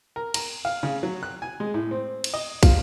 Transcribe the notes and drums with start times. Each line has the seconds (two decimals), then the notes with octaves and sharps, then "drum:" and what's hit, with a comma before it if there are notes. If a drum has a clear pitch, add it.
0.16 A#4
0.34 A#5, drum: cymbal
0.65 F5
0.83 C#3
1.03 F#3
1.23 F#6
1.42 G#5
1.60 G#3
1.74 A2
1.91 C4
2.24 drum: cymbal
2.34 D#5
2.63 F4, drum: kick, cymbal